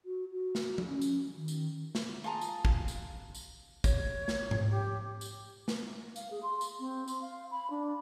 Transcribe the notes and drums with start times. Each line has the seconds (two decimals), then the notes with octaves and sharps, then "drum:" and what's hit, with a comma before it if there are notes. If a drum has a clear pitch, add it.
0.05 F#4
0.32 F#4
0.55 drum: snare
0.78 drum: tom F3
0.88 C#4
1.01 drum: tambourine
1.36 D#3
1.48 drum: tambourine
1.95 drum: snare
2.24 F4 G#4 A5 A#5
2.41 drum: tambourine
2.65 drum: kick
2.88 drum: tambourine
3.35 drum: tambourine
3.84 C#5, drum: kick, tambourine
4.28 drum: snare
4.51 drum: tom G#2
4.71 G4
5.21 drum: tambourine
5.68 drum: snare
6.16 F5, drum: tambourine
6.31 G#4
6.43 C6
6.61 drum: tambourine
6.80 C4
7.08 C6, drum: tambourine
7.22 F5
7.51 B5
7.70 D4